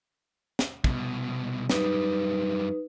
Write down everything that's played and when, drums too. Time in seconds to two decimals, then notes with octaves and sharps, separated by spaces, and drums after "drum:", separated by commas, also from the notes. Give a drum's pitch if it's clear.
0.59 drum: snare
0.84 C2 B2, drum: kick
1.70 F#2 G3 D#4 B4, drum: snare